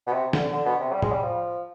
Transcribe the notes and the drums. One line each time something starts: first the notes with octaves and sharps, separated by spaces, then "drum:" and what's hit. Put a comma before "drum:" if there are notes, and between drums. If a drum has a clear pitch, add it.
B2
C3
D3, drum: snare
D3
B2
C3
G3
G#3, drum: tom
G3
F3